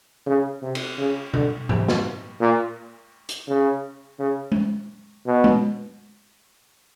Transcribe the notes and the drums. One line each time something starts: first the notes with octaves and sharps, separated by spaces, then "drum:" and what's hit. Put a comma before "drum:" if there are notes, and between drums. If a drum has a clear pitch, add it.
C#3
C3
drum: cymbal
C#3
D3, drum: tom B2
C3, drum: tom G#2
drum: snare
A#2
drum: hi-hat
C#3
C#3
drum: tom G#3
B2
drum: tom G#3